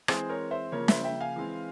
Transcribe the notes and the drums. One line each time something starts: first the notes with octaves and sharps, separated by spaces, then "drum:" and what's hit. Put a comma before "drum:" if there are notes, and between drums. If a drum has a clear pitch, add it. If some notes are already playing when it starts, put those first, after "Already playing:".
E3 G#3 C4 G#4 C5, drum: rim click
A#4 C#5
C5 E5
C#3 F3 A#3 A#4 C#5
C5 E5, drum: snare
E5 G5
F5 G#5
E3 G#3 C4